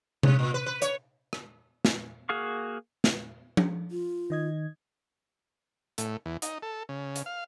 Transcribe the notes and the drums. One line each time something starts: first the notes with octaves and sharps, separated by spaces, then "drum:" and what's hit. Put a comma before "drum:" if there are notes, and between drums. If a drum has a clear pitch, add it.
C3, drum: tom C3
A#2
B4
B4
C#5, drum: hi-hat
drum: rim click
drum: snare
A#3 F#4 G#4 F5 C#6
drum: snare
drum: tom F3
F4
D#3 D#5 G#6
A2, drum: hi-hat
E2
D#4, drum: hi-hat
A4
C#3
drum: hi-hat
F5